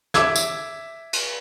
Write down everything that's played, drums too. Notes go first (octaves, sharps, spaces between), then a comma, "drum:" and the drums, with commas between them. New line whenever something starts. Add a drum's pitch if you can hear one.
E5 D6 E6 G#6, drum: snare
drum: tambourine
drum: cymbal